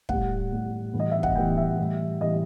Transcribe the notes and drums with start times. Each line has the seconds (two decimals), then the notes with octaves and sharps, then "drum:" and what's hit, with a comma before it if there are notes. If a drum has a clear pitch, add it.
0.09 A2 G3 F#5, drum: kick
0.52 A2 G3
0.93 A2 E3 G3
1.00 D#5
1.11 E5
1.23 F#5, drum: kick
1.35 A2 E3 G3 G5
1.57 E5
1.78 A2 E3 G3
2.21 A2 E3 G3 D#5